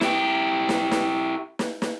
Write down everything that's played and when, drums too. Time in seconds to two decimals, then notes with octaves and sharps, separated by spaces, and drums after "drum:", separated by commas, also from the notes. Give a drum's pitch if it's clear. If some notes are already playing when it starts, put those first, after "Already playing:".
0.01 E4 G4, drum: snare
0.69 drum: snare
0.91 drum: snare
1.59 drum: snare
1.82 drum: snare